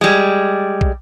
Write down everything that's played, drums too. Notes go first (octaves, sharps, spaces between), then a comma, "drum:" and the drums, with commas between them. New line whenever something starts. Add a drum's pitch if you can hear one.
G3 G#3
drum: kick